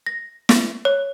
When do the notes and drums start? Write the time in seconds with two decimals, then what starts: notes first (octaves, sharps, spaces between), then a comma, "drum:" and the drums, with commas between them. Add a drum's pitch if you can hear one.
0.06 A#6
0.49 drum: snare
0.85 C#5